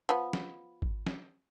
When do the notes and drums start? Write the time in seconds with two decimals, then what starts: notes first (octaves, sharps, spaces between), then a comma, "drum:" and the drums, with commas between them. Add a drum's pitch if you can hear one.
0.09 F3 B3
0.33 drum: snare
0.82 drum: kick G#1
1.07 drum: snare